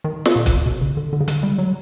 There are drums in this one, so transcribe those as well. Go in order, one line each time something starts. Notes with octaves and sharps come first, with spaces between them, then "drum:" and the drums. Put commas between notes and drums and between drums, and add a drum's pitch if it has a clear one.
D#3
drum: snare
A#2
drum: kick, hi-hat
B2
C#3
D3
D3
C#3
D3, drum: hi-hat
G3
F#3